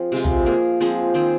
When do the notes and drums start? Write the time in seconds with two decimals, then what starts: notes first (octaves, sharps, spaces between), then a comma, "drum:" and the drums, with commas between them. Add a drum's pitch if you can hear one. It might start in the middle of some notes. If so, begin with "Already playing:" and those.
Already playing: F3 C4 G#4
0.12 C3 G#3 F4
0.24 drum: tom
0.46 A#3 G#4
0.80 F3 G#3 C4 G#4
1.14 D#3 C4 G#4